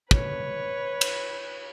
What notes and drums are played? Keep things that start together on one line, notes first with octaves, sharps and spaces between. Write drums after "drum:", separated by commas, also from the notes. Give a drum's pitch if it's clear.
B4 C#5, drum: kick
drum: cymbal